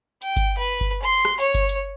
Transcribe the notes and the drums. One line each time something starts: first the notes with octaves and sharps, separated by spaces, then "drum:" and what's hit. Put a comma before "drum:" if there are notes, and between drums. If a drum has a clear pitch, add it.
G5, drum: hi-hat
drum: kick G1, hi-hat
B4
drum: kick G1
C6
drum: rim click
C#5, drum: hi-hat
drum: kick G1, hi-hat
drum: hi-hat